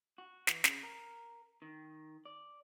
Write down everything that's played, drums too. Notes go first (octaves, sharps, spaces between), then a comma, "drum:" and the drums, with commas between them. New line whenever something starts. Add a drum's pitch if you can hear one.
F#4
E3, drum: snare
C#3, drum: snare
A#4
D#3
D5